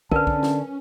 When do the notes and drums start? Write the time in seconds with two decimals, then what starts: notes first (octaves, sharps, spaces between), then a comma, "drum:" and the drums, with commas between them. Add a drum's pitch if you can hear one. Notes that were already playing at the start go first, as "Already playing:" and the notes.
0.11 D3 C#4 A#4 B4 A5, drum: kick
0.27 drum: kick
0.43 drum: snare